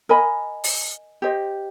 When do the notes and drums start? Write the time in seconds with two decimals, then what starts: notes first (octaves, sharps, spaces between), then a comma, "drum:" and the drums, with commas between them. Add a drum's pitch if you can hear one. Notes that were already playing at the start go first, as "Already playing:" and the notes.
0.09 A#4 D#5 G#5 B5
0.64 drum: open hi-hat
1.22 G4 C5 D#5